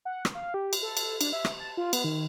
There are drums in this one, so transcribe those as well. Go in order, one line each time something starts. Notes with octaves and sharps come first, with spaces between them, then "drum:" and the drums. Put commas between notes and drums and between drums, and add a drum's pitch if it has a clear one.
F#5
drum: rim click
F5
G4
drum: cymbal
A4
drum: cymbal
D4, drum: cymbal
E5
drum: rim click
A5
F4
B3, drum: cymbal
D#3